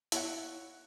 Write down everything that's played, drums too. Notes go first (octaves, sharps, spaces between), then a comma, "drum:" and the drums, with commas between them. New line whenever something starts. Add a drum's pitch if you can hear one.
E4 C#5 F#5, drum: hi-hat